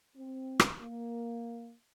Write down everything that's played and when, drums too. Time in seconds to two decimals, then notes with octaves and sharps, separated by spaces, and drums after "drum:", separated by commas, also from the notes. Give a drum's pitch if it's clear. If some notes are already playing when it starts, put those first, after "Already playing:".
0.16 C4
0.60 drum: rim click
0.80 A#3